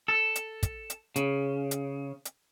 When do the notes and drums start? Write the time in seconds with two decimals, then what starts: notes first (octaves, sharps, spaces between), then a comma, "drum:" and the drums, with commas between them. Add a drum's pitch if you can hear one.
0.08 A4
0.36 drum: hi-hat
0.63 drum: kick, hi-hat
0.90 drum: hi-hat
1.16 C#3, drum: hi-hat
1.71 drum: hi-hat
2.25 drum: hi-hat